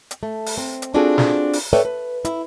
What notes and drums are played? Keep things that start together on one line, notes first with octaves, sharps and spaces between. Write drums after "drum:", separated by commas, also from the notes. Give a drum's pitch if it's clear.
drum: hi-hat
A3
drum: open hi-hat
C4
drum: hi-hat
C4 D4 F4 F#4 G#4 A4
drum: snare
drum: open hi-hat
A4 B4 C#5 D5 E5 G5
B4
E4, drum: hi-hat